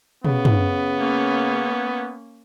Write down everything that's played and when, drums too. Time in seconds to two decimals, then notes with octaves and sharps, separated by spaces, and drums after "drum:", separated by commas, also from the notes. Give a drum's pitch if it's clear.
0.25 C#3 B3, drum: tom
0.45 drum: tom
0.99 A#3 C#4